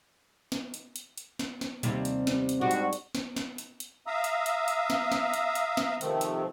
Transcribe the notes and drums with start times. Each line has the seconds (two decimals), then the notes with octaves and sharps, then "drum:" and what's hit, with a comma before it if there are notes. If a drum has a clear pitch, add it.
0.52 drum: snare
0.74 drum: hi-hat
0.96 drum: hi-hat
1.18 drum: hi-hat
1.39 drum: snare
1.61 drum: snare
1.83 D#2 C3 G3, drum: hi-hat
2.05 drum: hi-hat
2.27 drum: snare
2.49 drum: hi-hat
2.61 G#2 G3 D4 F#4
2.71 drum: hi-hat
2.93 drum: hi-hat
3.15 drum: snare
3.36 drum: snare
3.58 drum: hi-hat
3.80 drum: hi-hat
4.07 E5 F5 A#5 D#6 E6
4.24 drum: hi-hat
4.46 drum: hi-hat
4.68 drum: hi-hat
4.90 drum: snare
5.12 drum: snare
5.33 drum: hi-hat
5.55 drum: hi-hat
5.77 drum: snare
6.01 C3 D#3 F3 A3 C4, drum: hi-hat
6.21 drum: hi-hat